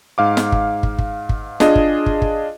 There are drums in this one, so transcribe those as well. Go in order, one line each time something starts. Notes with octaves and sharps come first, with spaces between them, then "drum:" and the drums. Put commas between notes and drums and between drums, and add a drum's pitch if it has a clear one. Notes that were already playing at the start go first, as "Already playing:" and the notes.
G#2 F5 D6
drum: snare
drum: kick
drum: kick
drum: kick
drum: kick
D4 F4 G#4 D#5, drum: snare
drum: kick
drum: kick
drum: kick